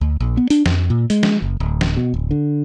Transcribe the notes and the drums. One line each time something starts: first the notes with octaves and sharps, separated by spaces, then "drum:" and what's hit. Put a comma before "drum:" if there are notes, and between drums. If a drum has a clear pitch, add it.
D2
A#1
B3
D4, drum: hi-hat
F2, drum: snare
A#2
G#3, drum: hi-hat
drum: snare
F#1
D1
drum: snare
B2
D1
D3